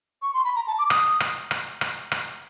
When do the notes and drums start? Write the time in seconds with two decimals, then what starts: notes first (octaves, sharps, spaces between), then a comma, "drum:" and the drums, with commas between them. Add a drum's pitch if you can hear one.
0.22 C#6
0.34 C6
0.45 B5
0.56 A#5
0.67 A5
0.79 D6
0.90 D#6, drum: rim click
1.20 drum: rim click
1.51 drum: rim click
1.81 drum: rim click
2.12 drum: rim click